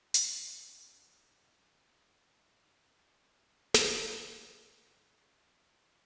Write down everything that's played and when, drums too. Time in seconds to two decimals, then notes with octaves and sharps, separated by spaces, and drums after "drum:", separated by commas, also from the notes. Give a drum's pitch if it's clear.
0.14 B2 C#4, drum: hi-hat
1.91 B2 A3 B3 D#4 D#5 F#5
3.04 D#3 B4 E5 F#5 G#5 D#6 A#6
3.74 drum: snare
3.98 F#4 C5 D#6 F#6 B6
4.46 D5 F#5
4.82 D4 G#4 C5 F5 C6
5.14 C#4 E5 F5 A6 C7 D7
5.61 F4 G4